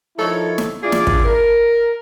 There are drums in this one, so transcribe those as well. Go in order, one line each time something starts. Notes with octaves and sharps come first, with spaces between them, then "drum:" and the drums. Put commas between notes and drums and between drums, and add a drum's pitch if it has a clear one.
F3 D#4 E4 A4 A#4 C#5
drum: snare
D4 E4 F4 G#4 D5
drum: snare
drum: kick
A#4